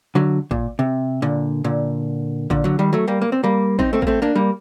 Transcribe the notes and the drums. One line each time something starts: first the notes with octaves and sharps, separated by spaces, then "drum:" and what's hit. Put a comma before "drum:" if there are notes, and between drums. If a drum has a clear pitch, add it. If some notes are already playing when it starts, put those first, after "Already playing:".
D3 F#3
A#2, drum: kick
C3
A#2 D3
A#2 D3
A#2 D3, drum: kick
D3 F#3
D#3 G3
F#3 A3
G3 A#3
A#3
C4
G3 A#3
C4 D#4, drum: kick
A3 C4
A#3, drum: kick
A3 C4
A#3 D4
G3 A#3